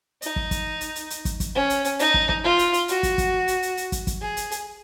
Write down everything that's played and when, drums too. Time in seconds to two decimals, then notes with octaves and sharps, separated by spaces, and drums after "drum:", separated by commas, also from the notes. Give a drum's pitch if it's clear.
0.22 D#4, drum: hi-hat
0.36 drum: kick
0.51 drum: kick, hi-hat
0.81 drum: hi-hat
0.96 drum: hi-hat
1.10 drum: hi-hat
1.25 drum: kick, hi-hat
1.40 drum: kick, hi-hat
1.55 C#4
1.70 drum: hi-hat
1.85 drum: hi-hat
1.99 D#4, drum: hi-hat
2.14 drum: kick
2.29 drum: kick
2.44 F4
2.59 drum: hi-hat
2.73 drum: hi-hat
2.88 F#4, drum: hi-hat
3.03 drum: kick, hi-hat
3.18 drum: kick, hi-hat
3.48 drum: hi-hat
3.62 drum: hi-hat
3.77 drum: hi-hat
3.92 drum: kick, hi-hat
4.07 drum: kick, hi-hat
4.21 G#4
4.37 drum: hi-hat
4.51 drum: hi-hat